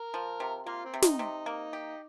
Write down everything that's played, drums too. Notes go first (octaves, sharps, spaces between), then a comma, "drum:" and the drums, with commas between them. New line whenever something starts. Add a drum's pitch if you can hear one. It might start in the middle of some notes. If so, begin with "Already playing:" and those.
Already playing: A#4
F3
C3
A#3 F4
C4
C3
D#4, drum: snare
C3
A#3
G4